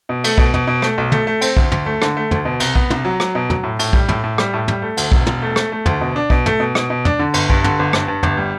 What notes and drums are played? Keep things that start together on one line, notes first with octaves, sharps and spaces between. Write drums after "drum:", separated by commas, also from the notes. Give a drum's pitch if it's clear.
B2
A3, drum: cymbal
B2, drum: kick B1
B2, drum: tom
B2
A3, drum: rim click
B1
A3, drum: tom
A3
C4, drum: cymbal
D2, drum: kick B1
D2, drum: tom
A3
D3, drum: rim click
A3
D2, drum: tom
B2
C2, drum: cymbal
B3, drum: kick B1
C2, drum: tom
F#3
F#3, drum: rim click
B2
F#3, drum: tom
A2
A2, drum: cymbal
G3, drum: kick B1
A2, drum: tom
A2
G3, drum: rim click
A2
G3, drum: tom
A3
D2, drum: cymbal
E1, drum: kick B1
E1, drum: tom
A3
A3, drum: rim click
A3
D2, drum: tom
B2
D4
B2, drum: kick B1
A3, drum: tom
B2
B2, drum: rim click
B2
D4, drum: tom
D3
G1, drum: cymbal
G2, drum: kick B1
D3, drum: tom
G1
G2, drum: rim click
G2
G1, drum: tom
G3